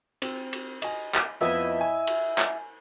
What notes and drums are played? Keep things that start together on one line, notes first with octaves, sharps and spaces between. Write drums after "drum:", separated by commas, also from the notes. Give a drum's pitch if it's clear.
C4, drum: cymbal
drum: cymbal
D#5 G#5, drum: cymbal
drum: clap
F2 F3 B3 E4 D#5 E5
G#5
drum: cymbal
drum: clap